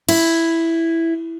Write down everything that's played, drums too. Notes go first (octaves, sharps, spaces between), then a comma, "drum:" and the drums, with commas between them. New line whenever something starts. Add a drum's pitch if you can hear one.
E4, drum: cymbal